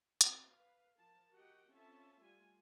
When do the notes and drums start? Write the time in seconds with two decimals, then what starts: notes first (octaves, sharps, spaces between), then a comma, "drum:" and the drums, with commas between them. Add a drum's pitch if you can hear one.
0.21 C4 F#4, drum: hi-hat
0.50 B4 F5
0.97 F3 A#4 A5
1.33 F#4 G4 A#4 D#5 F#5 G5
1.72 C4 C#4 F4 A4 E5 A5
2.22 G3 A3 F4 G#5